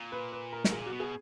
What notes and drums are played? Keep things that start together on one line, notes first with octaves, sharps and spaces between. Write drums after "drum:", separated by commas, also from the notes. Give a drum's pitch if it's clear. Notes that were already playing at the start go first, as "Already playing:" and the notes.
Already playing: A#2
B4
B4
A#4
B2, drum: snare
A#2 G#4
F#4
B2
G#4